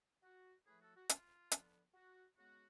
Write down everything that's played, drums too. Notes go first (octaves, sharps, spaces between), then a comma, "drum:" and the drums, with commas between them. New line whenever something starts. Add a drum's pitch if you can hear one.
F#4
A2 F3 A3 G#4 B4
F#4 A4
F#4
F4, drum: hi-hat
D3 F3 B3, drum: hi-hat
F#4
C#3 G#3 B3 F#4